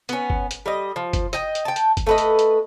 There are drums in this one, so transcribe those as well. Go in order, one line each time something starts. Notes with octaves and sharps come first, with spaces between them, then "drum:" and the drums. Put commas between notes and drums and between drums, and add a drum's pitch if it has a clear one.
B3 C#4, drum: hi-hat
drum: kick F#1
drum: hi-hat
G3 D#5
F3
drum: kick F#1, hi-hat
D#5 G5, drum: hi-hat
drum: hi-hat
G5 A5
drum: hi-hat
drum: kick F#1, hi-hat
A3 B4 D#5
drum: hi-hat
drum: hi-hat